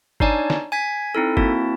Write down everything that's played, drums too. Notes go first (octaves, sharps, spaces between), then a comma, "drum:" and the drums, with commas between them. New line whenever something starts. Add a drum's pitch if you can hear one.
D4 D#4 C#5 D5 G#5 A5, drum: kick G1
drum: snare
G#5 G#6 B6
C4 D#4 E4 A4
A#3 C4 E4 F#4 A5, drum: kick G1